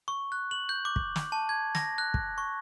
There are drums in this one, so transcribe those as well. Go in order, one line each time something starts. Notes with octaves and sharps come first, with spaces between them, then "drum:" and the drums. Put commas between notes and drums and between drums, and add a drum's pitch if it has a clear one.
C#6
F#6
F#7
G6
D6
drum: kick
drum: snare
A5
G#6
A#6, drum: snare
F#6
drum: kick
C#6